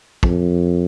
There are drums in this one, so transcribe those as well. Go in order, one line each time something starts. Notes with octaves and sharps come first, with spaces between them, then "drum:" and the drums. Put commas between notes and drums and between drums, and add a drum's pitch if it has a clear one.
F2, drum: kick